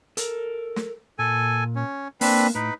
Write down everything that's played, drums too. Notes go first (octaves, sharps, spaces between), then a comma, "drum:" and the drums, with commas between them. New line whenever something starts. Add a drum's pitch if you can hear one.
A4 A#4, drum: hi-hat
drum: snare
A#2 A4 G#5
C#4
A#3 C4 D4 B4, drum: open hi-hat
A2 D#4 B4